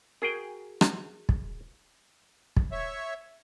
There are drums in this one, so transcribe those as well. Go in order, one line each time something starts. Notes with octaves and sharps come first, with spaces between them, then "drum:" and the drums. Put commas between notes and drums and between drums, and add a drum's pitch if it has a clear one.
F#4 G#4 A#4 G5
drum: rim click
drum: kick
drum: kick
C#5 E5